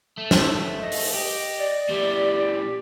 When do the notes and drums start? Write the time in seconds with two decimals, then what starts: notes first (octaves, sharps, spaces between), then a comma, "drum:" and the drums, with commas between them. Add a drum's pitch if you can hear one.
0.17 A3
0.31 drum: snare
0.81 D#5
0.91 drum: open hi-hat
1.14 G4 D#5
1.59 D5
1.89 A#2 E3 G4